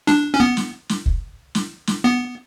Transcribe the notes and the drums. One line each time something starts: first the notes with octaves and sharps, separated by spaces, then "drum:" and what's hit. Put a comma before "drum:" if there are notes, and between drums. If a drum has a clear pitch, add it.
D4, drum: snare
C#4
B3
drum: snare
drum: snare
drum: kick
drum: snare
drum: snare
B3